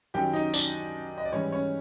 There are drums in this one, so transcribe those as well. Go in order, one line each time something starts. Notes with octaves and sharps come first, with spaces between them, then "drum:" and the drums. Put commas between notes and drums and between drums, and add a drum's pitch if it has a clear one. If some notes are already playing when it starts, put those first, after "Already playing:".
F#2 D#3 F#3 G4 G5
D#4 D#5
D4 D5, drum: tambourine
D#5
D5
G#2 E3 G3 C#4 C#5
C#4 C#5